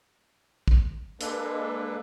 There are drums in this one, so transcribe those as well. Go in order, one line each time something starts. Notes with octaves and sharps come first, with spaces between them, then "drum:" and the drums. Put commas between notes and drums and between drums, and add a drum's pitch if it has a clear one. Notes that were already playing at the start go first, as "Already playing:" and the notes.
drum: kick
G#3 A#3 D4 A4 B4, drum: hi-hat